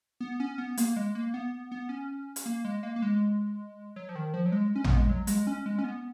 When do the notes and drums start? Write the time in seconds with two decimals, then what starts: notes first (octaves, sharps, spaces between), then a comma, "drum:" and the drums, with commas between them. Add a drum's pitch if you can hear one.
0.20 B3
0.40 C#4
0.58 B3
0.77 A#3, drum: hi-hat
0.96 G#3
1.15 A#3
1.34 B3
1.72 B3
1.89 C#4
2.36 drum: hi-hat
2.46 A#3
2.65 G#3
2.83 A#3
2.96 A#3
3.02 G#3
3.96 F#3
4.09 F3
4.15 D#3
4.34 F3
4.46 F#3
4.52 G#3
4.75 C#4
4.84 B3, drum: tom
4.97 G#3
5.09 F#3
5.27 G#3, drum: hi-hat
5.47 C#4
5.66 G#3
5.79 C#4
5.84 B3